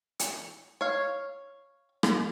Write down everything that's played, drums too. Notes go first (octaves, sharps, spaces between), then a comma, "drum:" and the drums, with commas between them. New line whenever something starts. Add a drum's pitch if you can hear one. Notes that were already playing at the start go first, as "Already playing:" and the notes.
drum: hi-hat
C#5 F5
drum: rim click